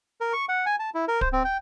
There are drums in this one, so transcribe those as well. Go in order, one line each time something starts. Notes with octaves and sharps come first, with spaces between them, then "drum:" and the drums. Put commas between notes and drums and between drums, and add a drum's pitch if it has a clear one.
A#4
C#6
F#5
G#5
A5
E4
A#4
C5, drum: kick D1
C4
G5